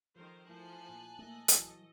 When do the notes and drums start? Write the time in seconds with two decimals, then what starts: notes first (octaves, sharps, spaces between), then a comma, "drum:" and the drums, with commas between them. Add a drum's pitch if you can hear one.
0.16 D#3 F3 A4 A#4 C5
0.49 F3 A3 E4 C5 G#5 A5 F#6
0.89 A#2
1.19 A3 A#3 A4 D#5
1.48 E3 F#3 F#4, drum: hi-hat